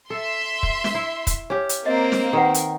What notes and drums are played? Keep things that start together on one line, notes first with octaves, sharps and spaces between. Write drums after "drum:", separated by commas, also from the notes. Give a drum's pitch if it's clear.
A4 E5 C6
drum: kick
drum: snare
E4
drum: kick, hi-hat
C#4 G4
drum: hi-hat
A#3 C4 D#5
drum: snare
D#3 G4 B4 F#5
drum: hi-hat